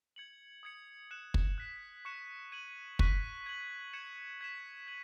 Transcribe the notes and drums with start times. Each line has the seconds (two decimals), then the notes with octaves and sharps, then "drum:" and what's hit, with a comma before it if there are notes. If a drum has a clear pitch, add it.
0.16 G#6 C#7 F#7
0.63 D#6 G#6 C#7
1.11 F#6 C#7 E7
1.34 drum: kick
1.58 F#6 B6 E7
2.05 C#6 F#6 C#7 E7
2.52 G#6 D#7 F#7
2.99 C#6 F#6 B6 D#7, drum: kick
3.46 G#6 D#7 F#7
3.93 G#6 C#7 E7
4.41 G#6 B6 E7
4.87 G#6 D#7 F#7